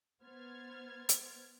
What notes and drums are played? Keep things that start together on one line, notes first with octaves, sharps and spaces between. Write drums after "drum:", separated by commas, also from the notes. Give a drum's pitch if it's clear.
B3 C5 F6 G#6 A6
drum: hi-hat